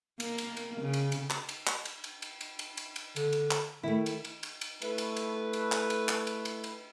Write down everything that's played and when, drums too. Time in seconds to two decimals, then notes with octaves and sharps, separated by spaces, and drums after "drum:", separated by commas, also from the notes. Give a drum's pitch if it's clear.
0.20 A#3, drum: cymbal
0.38 drum: cymbal
0.57 drum: cymbal
0.81 C#3
0.93 drum: cymbal
1.12 drum: cymbal
1.30 drum: clap
1.49 drum: cymbal
1.67 drum: clap
1.85 drum: cymbal
2.04 drum: cymbal
2.22 drum: cymbal
2.41 drum: cymbal
2.59 drum: cymbal
2.77 drum: cymbal
2.96 drum: cymbal
3.16 D3, drum: cymbal
3.33 drum: cymbal
3.51 drum: clap
3.83 D#3 A3 E4
4.06 drum: cymbal
4.25 drum: cymbal
4.43 drum: cymbal
4.61 drum: cymbal
4.82 A3 E4 B4, drum: cymbal
4.98 drum: cymbal
5.17 drum: cymbal
5.53 drum: cymbal
5.72 drum: clap
5.90 drum: cymbal
6.09 drum: clap
6.27 drum: cymbal
6.45 drum: cymbal
6.64 drum: cymbal